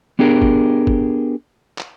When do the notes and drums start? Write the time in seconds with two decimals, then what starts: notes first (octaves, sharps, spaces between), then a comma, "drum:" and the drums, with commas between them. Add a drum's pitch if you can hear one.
0.19 B3 D4 G4 G#4 A#4
0.42 drum: kick
0.87 drum: kick
1.78 drum: clap